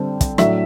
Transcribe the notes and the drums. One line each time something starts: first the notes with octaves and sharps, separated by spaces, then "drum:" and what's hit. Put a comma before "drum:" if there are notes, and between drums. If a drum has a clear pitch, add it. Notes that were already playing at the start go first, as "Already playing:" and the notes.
Already playing: D3 G3 C4 A5
drum: kick, hi-hat
A2 F#3 A3 D4 E5, drum: rim click